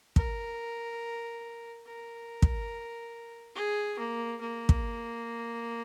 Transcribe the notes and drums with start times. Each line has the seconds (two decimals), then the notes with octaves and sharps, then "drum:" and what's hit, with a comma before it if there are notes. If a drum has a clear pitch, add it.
0.16 A#4, drum: kick
1.86 A#4
2.42 drum: kick
3.55 G#4
3.98 A#3
4.41 A#3
4.69 drum: kick